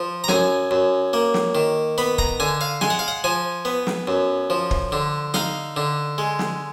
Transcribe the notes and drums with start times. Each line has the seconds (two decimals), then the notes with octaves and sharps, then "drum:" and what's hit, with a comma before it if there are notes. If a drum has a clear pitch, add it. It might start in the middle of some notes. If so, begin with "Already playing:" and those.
Already playing: F3
0.24 A#5
0.28 F#2 G#5, drum: snare
0.71 F#2
1.13 A#3
1.34 drum: snare
1.55 D#3
1.98 B3 B5
2.18 A#5, drum: kick
2.40 D3 G#5
2.61 F5
2.81 G#3 G#5, drum: snare
2.90 F#5
2.99 F5
3.08 F#5
3.24 F3 G#5
3.65 B3
3.87 drum: snare
4.07 F#2
4.50 F3
4.71 drum: kick
4.92 D3
5.34 D#4 F5, drum: snare
5.77 D3
6.18 G#3
6.39 drum: snare